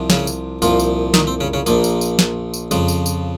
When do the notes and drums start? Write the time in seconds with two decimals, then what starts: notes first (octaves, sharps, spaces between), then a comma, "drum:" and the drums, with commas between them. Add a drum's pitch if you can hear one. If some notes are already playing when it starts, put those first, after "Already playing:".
Already playing: C2 C3 F3
0.10 C#3 C#4, drum: snare
0.27 drum: tambourine
0.62 C2 A#2 F3 F4, drum: tambourine
0.80 drum: tambourine
1.14 D#3 D#4, drum: snare
1.27 C4
1.40 C#3 C#4
1.53 C#3 C#4
1.66 A#1 A#2 F3 A#3, drum: tambourine
1.84 drum: tambourine
2.01 drum: tambourine
2.19 drum: snare
2.54 drum: tambourine
2.71 F2 C#3 F3, drum: tambourine
2.88 drum: tambourine
3.06 drum: tambourine